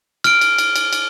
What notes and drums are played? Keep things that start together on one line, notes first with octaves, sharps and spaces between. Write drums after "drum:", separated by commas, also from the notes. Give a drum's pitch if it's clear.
F6 D7, drum: cymbal
drum: cymbal
drum: cymbal
drum: cymbal
drum: cymbal